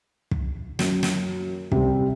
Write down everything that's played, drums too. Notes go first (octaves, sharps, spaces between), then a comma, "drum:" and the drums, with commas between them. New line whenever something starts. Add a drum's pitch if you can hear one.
drum: kick
F#2, drum: snare
drum: snare
C3 G3, drum: kick